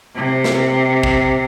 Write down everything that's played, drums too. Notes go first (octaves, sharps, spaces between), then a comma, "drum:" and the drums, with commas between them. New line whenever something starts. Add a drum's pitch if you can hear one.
C3
drum: snare
drum: kick